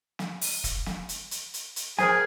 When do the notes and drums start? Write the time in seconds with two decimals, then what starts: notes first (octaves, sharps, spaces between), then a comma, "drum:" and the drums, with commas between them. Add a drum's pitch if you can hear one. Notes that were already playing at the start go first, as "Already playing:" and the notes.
0.19 drum: snare
0.41 drum: open hi-hat
0.64 drum: kick, hi-hat
0.86 drum: snare
1.09 drum: hi-hat
1.31 drum: hi-hat
1.54 drum: hi-hat
1.76 drum: hi-hat
1.99 G#4 A#4 C5 G#5, drum: snare